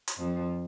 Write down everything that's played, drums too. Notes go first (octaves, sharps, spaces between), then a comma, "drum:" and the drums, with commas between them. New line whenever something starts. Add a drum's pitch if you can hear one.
drum: hi-hat
F2 F3